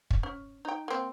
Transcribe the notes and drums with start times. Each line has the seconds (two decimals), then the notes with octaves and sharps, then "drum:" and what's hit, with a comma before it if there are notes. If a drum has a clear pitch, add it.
0.11 drum: kick
0.23 C#4
0.65 D#4 G5
0.88 A#3 C4